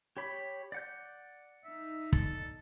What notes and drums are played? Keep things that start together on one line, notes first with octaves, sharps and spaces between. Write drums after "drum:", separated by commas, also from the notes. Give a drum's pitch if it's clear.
G4 C#5 B5
D5 F#5 G6
D#4 E5
A4, drum: kick